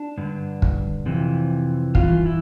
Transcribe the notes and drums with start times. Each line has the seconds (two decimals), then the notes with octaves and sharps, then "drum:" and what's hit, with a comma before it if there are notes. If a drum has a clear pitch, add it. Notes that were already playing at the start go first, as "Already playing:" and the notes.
Already playing: D4
0.18 G2 D3
0.62 drum: kick
1.06 F2 C3 E3
1.95 G2 E3 F4, drum: kick
2.26 E4